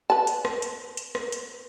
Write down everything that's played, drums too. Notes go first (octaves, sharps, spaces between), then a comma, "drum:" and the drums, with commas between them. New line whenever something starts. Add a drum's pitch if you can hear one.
B4 A5
drum: hi-hat
drum: rim click
drum: hi-hat
drum: hi-hat
drum: rim click
drum: hi-hat